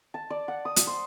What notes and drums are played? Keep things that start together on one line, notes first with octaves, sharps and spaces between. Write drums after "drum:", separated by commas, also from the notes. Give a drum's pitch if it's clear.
A5
D5
F#5
D#6
drum: hi-hat
C5